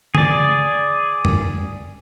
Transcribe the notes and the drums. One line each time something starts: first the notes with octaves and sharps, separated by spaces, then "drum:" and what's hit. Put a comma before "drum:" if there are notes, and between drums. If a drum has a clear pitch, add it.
G#4 D5, drum: tom
drum: tom F2